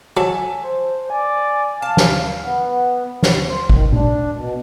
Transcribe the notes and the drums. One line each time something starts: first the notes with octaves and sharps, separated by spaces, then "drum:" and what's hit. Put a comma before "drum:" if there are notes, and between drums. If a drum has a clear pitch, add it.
F#3 E5 G#5 A5
C5
D5 G#5
F5 A5
drum: snare
B3
E2, drum: snare
C5
D#3, drum: kick
D4, drum: tom A#2
B2